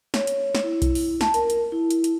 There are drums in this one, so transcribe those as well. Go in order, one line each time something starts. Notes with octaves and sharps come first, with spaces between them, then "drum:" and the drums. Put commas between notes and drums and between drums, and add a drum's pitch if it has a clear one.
C#5, drum: snare
drum: hi-hat
drum: snare
E4
drum: kick B1, hi-hat
drum: open hi-hat
A5, drum: snare
A#4, drum: hi-hat
drum: hi-hat
E4
drum: hi-hat
drum: hi-hat